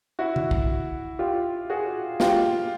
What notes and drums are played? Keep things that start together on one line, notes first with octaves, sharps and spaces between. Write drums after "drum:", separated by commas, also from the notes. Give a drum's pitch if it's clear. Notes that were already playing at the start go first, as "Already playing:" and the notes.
E4 F#4
drum: tom C#3
drum: kick
F4 G4
F#4 G#4
F4 G4, drum: snare